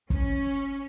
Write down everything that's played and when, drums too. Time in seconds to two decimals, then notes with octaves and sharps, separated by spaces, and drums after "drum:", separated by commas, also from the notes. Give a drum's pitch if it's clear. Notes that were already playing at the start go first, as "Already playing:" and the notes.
0.10 C#4, drum: kick